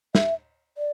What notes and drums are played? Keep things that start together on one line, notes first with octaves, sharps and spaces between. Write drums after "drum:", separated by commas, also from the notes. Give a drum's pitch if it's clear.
E5, drum: snare
D5